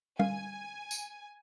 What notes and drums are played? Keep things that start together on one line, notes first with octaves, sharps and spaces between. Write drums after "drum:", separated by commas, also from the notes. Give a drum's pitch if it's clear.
F5 G#5, drum: tom G3
drum: tambourine